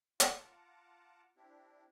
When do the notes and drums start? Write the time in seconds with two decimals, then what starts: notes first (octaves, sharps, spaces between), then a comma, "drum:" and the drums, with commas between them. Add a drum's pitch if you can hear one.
0.20 F4 F#5 A5 A#5 D6, drum: hi-hat
1.37 C4 D4 E4 G4